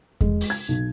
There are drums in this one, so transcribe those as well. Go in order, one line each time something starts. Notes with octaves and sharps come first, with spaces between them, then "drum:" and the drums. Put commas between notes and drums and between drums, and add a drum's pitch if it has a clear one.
G#3, drum: kick E2
drum: open hi-hat
G#6
B1